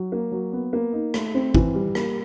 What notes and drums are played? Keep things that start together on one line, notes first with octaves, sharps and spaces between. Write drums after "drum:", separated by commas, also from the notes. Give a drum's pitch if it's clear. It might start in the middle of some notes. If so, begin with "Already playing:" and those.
Already playing: F#3
A#3
F#3
B3
A#3
D#4
A3, drum: rim click
C4
E3, drum: kick
G3
A#3, drum: rim click